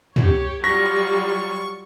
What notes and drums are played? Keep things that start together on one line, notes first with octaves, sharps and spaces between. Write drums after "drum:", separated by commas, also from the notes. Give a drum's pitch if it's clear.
G4 C#5, drum: tom
F#3 G3 F4 C#6 A#6